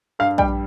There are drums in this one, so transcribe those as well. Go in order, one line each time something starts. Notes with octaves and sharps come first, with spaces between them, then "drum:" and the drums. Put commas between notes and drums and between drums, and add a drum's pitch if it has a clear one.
G2 F5
G3 G5, drum: kick A#1